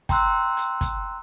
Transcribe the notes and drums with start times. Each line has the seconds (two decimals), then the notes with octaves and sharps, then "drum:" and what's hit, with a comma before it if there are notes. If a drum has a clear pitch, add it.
0.09 G5 A#5 C6 E6 F#6, drum: kick, hi-hat
0.57 drum: hi-hat
0.81 drum: kick, hi-hat